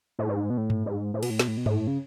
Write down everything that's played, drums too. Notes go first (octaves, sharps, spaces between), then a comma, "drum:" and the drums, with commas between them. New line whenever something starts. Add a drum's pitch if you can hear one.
A2
G#2
B2
A2
drum: tom G2
G#2
A2
B2, drum: cymbal
A2
B2, drum: snare
A2
B2
A2, drum: tom G2
C#3